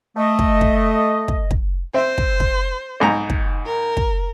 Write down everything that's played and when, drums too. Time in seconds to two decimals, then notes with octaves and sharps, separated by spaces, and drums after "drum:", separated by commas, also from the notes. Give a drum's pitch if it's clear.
0.16 A3 D#5
0.39 drum: kick
0.61 drum: kick
1.28 drum: kick
1.51 drum: kick
1.94 C4 C5 E5
2.18 drum: kick
2.40 drum: kick
3.00 B1 G#2 A#5
3.30 drum: kick
3.66 A#4
3.97 drum: kick